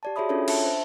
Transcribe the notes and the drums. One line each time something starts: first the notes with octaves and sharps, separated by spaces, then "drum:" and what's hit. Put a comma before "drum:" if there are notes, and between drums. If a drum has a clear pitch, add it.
G4 D5 A5
F#4 G#4 C#5 E5 B5 D#6
C#4 D4 F4 A4 C#5
D4 E5 A5 C#7, drum: cymbal
C5